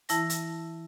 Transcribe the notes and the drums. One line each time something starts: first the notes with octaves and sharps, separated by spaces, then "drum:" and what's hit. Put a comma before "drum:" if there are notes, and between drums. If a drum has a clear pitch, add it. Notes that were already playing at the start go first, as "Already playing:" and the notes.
E3 E4 A5 A#6, drum: hi-hat
drum: hi-hat